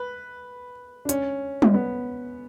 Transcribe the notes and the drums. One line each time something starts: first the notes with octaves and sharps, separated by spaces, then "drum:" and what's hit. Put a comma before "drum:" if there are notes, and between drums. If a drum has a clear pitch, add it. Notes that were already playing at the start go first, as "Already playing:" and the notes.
Already playing: B4
D4
C#4, drum: hi-hat
drum: tom G3
B3